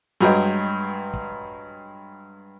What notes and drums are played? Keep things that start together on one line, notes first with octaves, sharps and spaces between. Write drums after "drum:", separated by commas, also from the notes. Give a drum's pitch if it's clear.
G2 F#3 G#3 G5, drum: open hi-hat
drum: kick